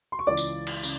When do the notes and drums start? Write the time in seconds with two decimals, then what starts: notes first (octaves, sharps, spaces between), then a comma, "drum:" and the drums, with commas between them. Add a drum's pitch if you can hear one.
0.12 C6
0.19 C#6
0.27 C#2 C#3 E3 D5 D6
0.37 drum: tambourine
0.67 drum: cymbal
0.83 C#3, drum: tambourine